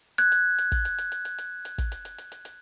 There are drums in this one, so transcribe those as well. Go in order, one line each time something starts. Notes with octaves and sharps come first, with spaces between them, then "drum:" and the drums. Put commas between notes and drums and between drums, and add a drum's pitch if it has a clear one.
F#6 G#6, drum: hi-hat
drum: hi-hat
drum: hi-hat
drum: kick, hi-hat
drum: hi-hat
drum: hi-hat
drum: hi-hat
drum: hi-hat
drum: hi-hat
drum: hi-hat
drum: kick, hi-hat
drum: hi-hat
drum: hi-hat
drum: hi-hat
drum: hi-hat
drum: hi-hat